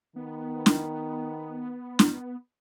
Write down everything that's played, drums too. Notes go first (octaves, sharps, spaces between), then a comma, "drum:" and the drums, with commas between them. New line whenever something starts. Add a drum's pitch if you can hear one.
D#3 B3
drum: snare
drum: snare